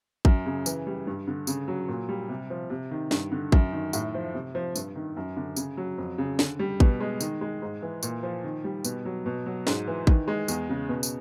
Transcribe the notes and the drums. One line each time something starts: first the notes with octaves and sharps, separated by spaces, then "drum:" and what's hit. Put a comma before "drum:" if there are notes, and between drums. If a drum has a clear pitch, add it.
F#2, drum: kick A1
C#3
E3, drum: tambourine
G3
G2
D3
C#3, drum: tambourine
F#3
A#2
G3
C3
F3
C3
D#3
G2, drum: snare
D3
F#2, drum: kick A1
D#3
A2, drum: tambourine
F3
C3
F3
G2, drum: tambourine
D#3
F#2
D3
C#3, drum: tambourine
F#3
F2
C#3
D3, drum: snare
G3
B2, drum: kick A1
G#3
D#3, drum: tambourine
G#3
G#2
E3
A#2, drum: tambourine
F3
D#3
G3
B2, drum: tambourine
F#3
B2
F#3
G#2, drum: snare
E3
D#3, drum: kick A1
G#3
E2, drum: tambourine
C#3
B2
drum: tambourine